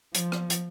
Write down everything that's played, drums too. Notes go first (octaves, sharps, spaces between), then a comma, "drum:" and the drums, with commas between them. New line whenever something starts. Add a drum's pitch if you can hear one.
F3, drum: hi-hat
drum: rim click
drum: hi-hat